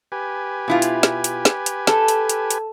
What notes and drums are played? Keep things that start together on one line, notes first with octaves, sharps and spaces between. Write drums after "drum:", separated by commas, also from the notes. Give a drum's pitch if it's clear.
G4 B4 G#5
B2 E4 F4
drum: hi-hat
drum: snare
drum: hi-hat
drum: snare
drum: hi-hat
A4, drum: snare
drum: hi-hat
drum: hi-hat
drum: hi-hat